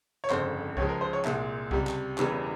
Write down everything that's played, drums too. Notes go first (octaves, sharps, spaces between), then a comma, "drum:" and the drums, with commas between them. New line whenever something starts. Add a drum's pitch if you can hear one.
C#5
G1 F2 C#3 C5, drum: clap
C#2 C#3 F3 G#3 C#5, drum: kick C2
A#4
C5
C#5
C2 A#2 G#3 E5, drum: clap
C#2 C3 G3, drum: kick C2
drum: clap
E1 E2 C#3 E3 G3, drum: clap